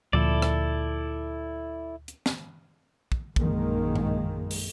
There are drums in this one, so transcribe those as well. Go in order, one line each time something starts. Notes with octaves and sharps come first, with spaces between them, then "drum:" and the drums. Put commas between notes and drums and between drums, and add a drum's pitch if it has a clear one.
D2 A#2 F3 E4 A4 D5
drum: rim click
drum: hi-hat
drum: snare
drum: kick
A#1 F#2 D#3 G#3 A#3, drum: kick
drum: tom G2
drum: open hi-hat